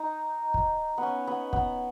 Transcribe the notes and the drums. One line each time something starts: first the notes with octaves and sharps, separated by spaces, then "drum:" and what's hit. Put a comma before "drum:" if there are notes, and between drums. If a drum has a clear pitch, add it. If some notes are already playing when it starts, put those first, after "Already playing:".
Already playing: D#4
drum: kick
B3
C#4
B3
B3, drum: kick